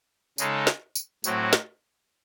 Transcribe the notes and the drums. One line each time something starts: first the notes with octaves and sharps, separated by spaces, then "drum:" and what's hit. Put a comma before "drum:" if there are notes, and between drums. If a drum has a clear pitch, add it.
C#3 G#3 D#4 A4, drum: tambourine
drum: snare
drum: tambourine
A2 F#3 C4 F#4, drum: tambourine
drum: snare